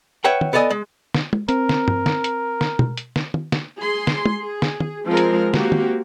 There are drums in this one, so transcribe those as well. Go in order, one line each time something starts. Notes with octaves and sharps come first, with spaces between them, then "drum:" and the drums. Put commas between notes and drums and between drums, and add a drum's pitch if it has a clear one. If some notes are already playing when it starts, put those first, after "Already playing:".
B4 C#5 E5 F#5 G5
drum: tom
B3 A4 D5 D#5 G#5
G#3
drum: snare
drum: tom
C4 A#4, drum: hi-hat
drum: snare
drum: tom G2
drum: snare
drum: hi-hat
drum: snare
drum: tom B2
drum: hi-hat
drum: snare
drum: tom
drum: snare
G#4 C6
drum: snare
drum: tom
G#4
drum: snare
drum: tom
F3 G#3 C4 A#4
drum: hi-hat
A#3 C4 F#4 G4, drum: snare
drum: tom